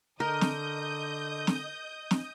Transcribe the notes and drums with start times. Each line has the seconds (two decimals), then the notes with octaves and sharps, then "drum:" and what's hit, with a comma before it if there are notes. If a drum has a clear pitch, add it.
0.20 D3 A#4 D#5 D#6 G6
0.41 drum: snare
1.47 drum: snare
2.11 drum: snare